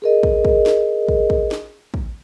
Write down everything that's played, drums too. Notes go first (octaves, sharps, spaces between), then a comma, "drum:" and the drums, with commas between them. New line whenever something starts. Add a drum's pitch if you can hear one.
G#4 A#4 D#5
drum: kick
drum: kick
drum: snare
drum: kick
drum: kick
drum: snare
drum: kick